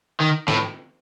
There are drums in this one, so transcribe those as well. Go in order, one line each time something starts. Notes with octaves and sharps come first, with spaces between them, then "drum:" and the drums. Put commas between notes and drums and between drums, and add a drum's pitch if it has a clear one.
D#3
A2, drum: snare